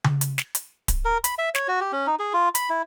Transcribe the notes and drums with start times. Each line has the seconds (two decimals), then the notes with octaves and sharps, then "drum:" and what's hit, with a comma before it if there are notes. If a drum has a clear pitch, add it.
0.04 drum: tom C#3
0.21 drum: hi-hat
0.38 drum: snare
0.55 drum: hi-hat
0.88 drum: kick D1, hi-hat
1.05 A#4
1.24 B5, drum: hi-hat
1.38 E5
1.55 C#5, drum: snare
1.68 F#4
1.81 G4
1.92 C#4
2.07 D#4
2.19 G#4
2.34 F4
2.55 B5, drum: hi-hat
2.70 E4